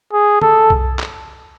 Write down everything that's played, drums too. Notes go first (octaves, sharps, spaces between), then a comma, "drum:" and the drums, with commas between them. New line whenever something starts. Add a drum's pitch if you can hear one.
G#4
A4, drum: tom
drum: kick B1
drum: clap